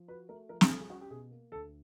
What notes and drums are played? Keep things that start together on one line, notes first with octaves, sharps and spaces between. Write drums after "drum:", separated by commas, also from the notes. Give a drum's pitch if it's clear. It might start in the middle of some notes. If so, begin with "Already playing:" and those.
Already playing: F3
F#4 B4
A3 A#4
F3 A#4
drum: snare
G3 A4
G#4
C#4 F#4
G4
B2 G#4
A#3
D2 A4